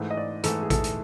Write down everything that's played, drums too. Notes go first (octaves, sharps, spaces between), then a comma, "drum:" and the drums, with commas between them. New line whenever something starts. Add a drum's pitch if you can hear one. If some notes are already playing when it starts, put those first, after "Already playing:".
Already playing: G#2 E3 A3
D#5
D5
G#2 E3 A3 A4, drum: hi-hat
G#4
A4, drum: kick A1, hi-hat
drum: hi-hat